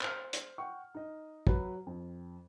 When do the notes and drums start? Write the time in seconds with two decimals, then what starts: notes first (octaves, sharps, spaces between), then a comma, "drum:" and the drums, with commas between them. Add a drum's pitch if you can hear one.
0.01 C5 C6 F6, drum: clap
0.33 drum: hi-hat
0.58 F#5 G5 C#6
0.95 D#4 D#5
1.47 F#3 B4, drum: kick
1.86 F2